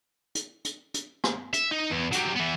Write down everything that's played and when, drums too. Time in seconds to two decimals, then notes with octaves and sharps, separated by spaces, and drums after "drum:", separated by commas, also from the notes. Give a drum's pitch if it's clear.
0.35 drum: hi-hat
0.65 drum: hi-hat
0.94 drum: hi-hat
1.24 drum: rim click
1.54 E5, drum: hi-hat
1.71 D#4
1.91 E2
2.12 F#3 G3, drum: hi-hat
2.36 E3 B3